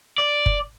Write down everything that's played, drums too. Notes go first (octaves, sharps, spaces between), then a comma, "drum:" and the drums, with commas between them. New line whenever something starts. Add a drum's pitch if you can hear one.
D5
drum: kick F#1